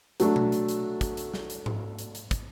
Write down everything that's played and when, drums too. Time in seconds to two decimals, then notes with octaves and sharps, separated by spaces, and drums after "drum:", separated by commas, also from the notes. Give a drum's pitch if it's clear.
0.20 F#3 A3 D4, drum: hi-hat
0.36 drum: tom B2
0.52 drum: hi-hat
0.69 drum: hi-hat
1.01 drum: kick, hi-hat
1.17 drum: hi-hat
1.34 drum: snare
1.50 drum: hi-hat
1.66 drum: tom G#2
1.99 drum: hi-hat
2.15 drum: hi-hat
2.31 drum: kick, hi-hat